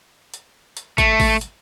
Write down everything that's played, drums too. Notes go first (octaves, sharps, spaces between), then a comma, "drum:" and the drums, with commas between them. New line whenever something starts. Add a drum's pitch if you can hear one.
drum: hi-hat
drum: hi-hat
A3, drum: kick, hi-hat
drum: kick, open hi-hat
drum: hi-hat